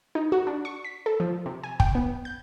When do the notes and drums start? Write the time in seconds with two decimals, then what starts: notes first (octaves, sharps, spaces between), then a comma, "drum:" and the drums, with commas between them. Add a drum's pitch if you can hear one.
0.15 D#4
0.32 F#4
0.47 D4
0.65 C#6
0.84 B6
1.06 A4
1.20 F3
1.46 C3
1.63 G#5
1.80 G5, drum: kick
1.95 B3
2.25 G6